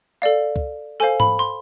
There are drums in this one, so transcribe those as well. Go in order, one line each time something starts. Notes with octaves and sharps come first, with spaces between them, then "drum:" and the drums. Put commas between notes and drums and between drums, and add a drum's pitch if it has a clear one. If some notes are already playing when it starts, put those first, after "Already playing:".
A4 D5 F5
drum: kick
A4 C5 F5 G#5
B5, drum: tom G#2
C6